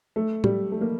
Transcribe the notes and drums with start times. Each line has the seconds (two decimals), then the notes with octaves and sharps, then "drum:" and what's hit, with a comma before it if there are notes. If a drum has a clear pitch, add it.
0.16 A3
0.44 G3, drum: tom
0.72 A3
0.81 A#3